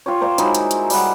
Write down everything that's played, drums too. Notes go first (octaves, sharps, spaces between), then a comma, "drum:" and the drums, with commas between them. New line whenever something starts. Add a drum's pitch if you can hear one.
F4 G4 C#5
A#3 C5 D5 F5
F#3 G#3 D#4 E4, drum: hi-hat
drum: hi-hat
drum: hi-hat
G3 F#5, drum: open hi-hat